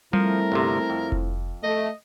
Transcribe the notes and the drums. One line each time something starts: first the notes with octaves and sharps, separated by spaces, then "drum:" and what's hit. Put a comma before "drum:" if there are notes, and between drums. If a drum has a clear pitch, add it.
F3 G3 A3 C4 E4 A#4
G1 D2 C3
F2
drum: kick F1
A3 D#5